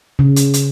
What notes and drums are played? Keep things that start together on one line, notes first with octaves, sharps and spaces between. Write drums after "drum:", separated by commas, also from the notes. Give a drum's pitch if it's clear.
C#3
drum: hi-hat
drum: hi-hat